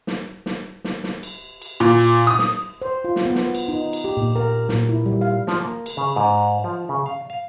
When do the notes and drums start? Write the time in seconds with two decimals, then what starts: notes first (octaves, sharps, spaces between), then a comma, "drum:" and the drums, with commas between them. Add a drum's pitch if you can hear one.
0.07 drum: snare
0.46 drum: snare
0.84 drum: snare
1.04 drum: snare
1.23 drum: cymbal
1.62 drum: cymbal
1.80 A#2
2.00 drum: cymbal
2.27 D#6
2.39 drum: snare
2.82 C5
3.04 F4
3.16 drum: snare
3.25 B3
3.35 drum: snare
3.54 drum: cymbal
3.68 D#4
3.93 drum: cymbal
4.04 G4
4.17 A#2
4.36 A#4
4.69 A#2, drum: snare
4.89 E4
5.06 G3
5.21 F5
5.47 F3, drum: snare
5.60 A#3
5.86 drum: cymbal
5.97 C#3
6.16 G#2
6.64 F3
6.89 C#3
7.06 F5
7.30 F5